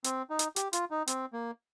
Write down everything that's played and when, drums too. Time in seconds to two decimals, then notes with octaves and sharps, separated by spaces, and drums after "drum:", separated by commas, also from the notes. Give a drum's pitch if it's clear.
0.04 C4, drum: hi-hat
0.30 D#4
0.39 drum: hi-hat
0.56 G4, drum: hi-hat
0.73 F4, drum: hi-hat
0.91 D#4
1.07 C4, drum: hi-hat
1.33 A#3